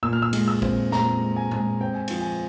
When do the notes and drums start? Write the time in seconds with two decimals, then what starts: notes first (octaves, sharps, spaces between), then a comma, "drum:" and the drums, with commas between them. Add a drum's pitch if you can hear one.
0.03 A#2 E6
0.13 F6
0.22 E6
0.33 G#3, drum: cymbal
0.48 E6
0.62 C4, drum: kick
0.92 A#2 A#5, drum: snare
1.21 G#3
1.36 G#5
1.51 G#3, drum: tom G#2
1.81 C4 G5
1.94 G#5
2.08 F3 G5, drum: cymbal
2.21 G#5